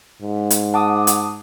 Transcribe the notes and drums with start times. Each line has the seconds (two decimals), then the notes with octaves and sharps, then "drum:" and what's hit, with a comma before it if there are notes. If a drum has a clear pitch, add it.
0.22 G#2
0.51 drum: hi-hat
0.74 F#5 A5 D6 D#6
1.07 drum: hi-hat